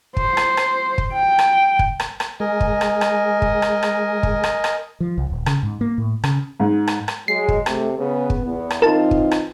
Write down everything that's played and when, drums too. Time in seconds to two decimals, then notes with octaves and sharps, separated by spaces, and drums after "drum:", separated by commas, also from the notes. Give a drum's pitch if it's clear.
0.17 C5, drum: kick
0.37 drum: rim click
0.57 drum: rim click
0.98 drum: kick
1.13 G5
1.39 drum: rim click
1.79 drum: kick
2.00 drum: rim click
2.20 drum: rim click
2.40 G#3 A#4 D#5 G#5
2.61 drum: kick
2.81 drum: rim click
3.01 drum: rim click
3.42 drum: kick
3.62 drum: rim click
3.83 drum: rim click
4.23 drum: kick
4.44 drum: rim click
4.64 drum: rim click
5.00 F3
5.18 C2
5.30 D#1
5.46 C#3, drum: rim click
5.63 G#2
5.81 A#3
5.98 A2
6.23 C#3, drum: rim click
6.60 G#2
6.87 drum: rim click
7.08 drum: rim click
7.28 F#3 G#3 C7
7.48 drum: kick
7.66 C3 A3, drum: rim click
7.98 C#3 B3 G#4 B4
8.30 drum: kick
8.45 E2 B3
8.70 drum: rim click
8.82 E3 C4 D#4 F4 A#4 A5
9.11 drum: kick
9.31 drum: rim click